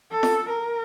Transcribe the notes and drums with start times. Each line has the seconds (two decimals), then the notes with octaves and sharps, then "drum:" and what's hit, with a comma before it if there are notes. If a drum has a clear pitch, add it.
0.11 A4
0.23 drum: snare
0.49 A#4